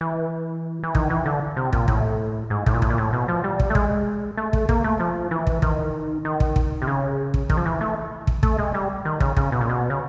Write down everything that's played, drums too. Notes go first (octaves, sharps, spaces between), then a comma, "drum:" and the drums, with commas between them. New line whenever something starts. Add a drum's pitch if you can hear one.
E3
E3
D#3, drum: kick
E3
D3
C3
A#2, drum: kick
A2, drum: kick
G#2
A2, drum: kick
A#2
A2, drum: kick
A#2
A2
B2
F3
G3
drum: kick
A3
G#3, drum: kick
A3
drum: kick
A#3, drum: kick
A3
F3
E3
drum: kick
D#3, drum: kick
D#3
drum: kick
drum: kick
C3
C#3
drum: kick
D#3, drum: kick
F3
E3
A3
drum: kick
A3, drum: kick
G#3
G3
D#3
C#3, drum: kick
C#3, drum: kick
B2
A#2
B2
C#3